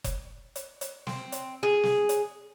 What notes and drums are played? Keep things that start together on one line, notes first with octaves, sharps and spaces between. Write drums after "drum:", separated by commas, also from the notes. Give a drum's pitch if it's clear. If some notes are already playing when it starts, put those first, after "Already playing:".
drum: kick F#1, hi-hat
drum: hi-hat
drum: hi-hat
C4, drum: snare
drum: hi-hat
G#4
drum: snare
drum: hi-hat